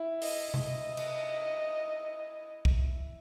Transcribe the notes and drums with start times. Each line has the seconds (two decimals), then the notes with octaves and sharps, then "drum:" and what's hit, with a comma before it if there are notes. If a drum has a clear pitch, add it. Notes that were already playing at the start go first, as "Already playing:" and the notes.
Already playing: E4
0.22 D#5, drum: open hi-hat
0.54 D#5, drum: tom C3
0.97 drum: cymbal
2.65 drum: kick